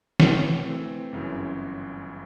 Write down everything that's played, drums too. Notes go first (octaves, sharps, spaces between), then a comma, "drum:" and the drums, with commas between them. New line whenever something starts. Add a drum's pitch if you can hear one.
E3 A3 C4, drum: snare
E3 A3 C4
G1 F#2 C#3 E3